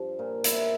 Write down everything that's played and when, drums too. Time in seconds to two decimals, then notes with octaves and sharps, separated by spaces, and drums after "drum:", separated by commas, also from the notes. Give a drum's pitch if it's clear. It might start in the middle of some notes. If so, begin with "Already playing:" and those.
Already playing: G2 F3
0.19 A#2
0.44 A#2 E4, drum: hi-hat